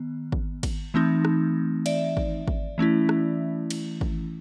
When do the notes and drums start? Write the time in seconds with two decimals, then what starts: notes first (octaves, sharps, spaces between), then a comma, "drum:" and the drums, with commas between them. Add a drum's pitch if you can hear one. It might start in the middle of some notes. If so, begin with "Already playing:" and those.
Already playing: D#3 B3
0.32 drum: kick
0.63 drum: kick, cymbal
0.94 E3 A3 C4 D#4
1.25 drum: rim click
1.86 D5 E5, drum: cymbal
2.17 drum: kick
2.48 drum: kick
2.78 E3 A3 C#4 E4
3.09 drum: rim click
3.70 drum: cymbal
4.01 drum: kick